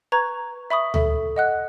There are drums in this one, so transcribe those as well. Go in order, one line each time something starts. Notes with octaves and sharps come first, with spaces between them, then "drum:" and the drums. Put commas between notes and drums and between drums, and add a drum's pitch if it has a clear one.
B4 A#5 C#6 G#6
E5 B5 C#6 D#6
A4 E5, drum: tom D2
D#5 F#5 F#6